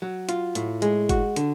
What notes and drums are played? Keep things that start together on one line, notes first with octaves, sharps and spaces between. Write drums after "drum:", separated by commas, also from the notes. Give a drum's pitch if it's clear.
F#3
F4, drum: hi-hat
A2, drum: hi-hat
G#3, drum: hi-hat
F#4, drum: kick G1, hi-hat
D3, drum: hi-hat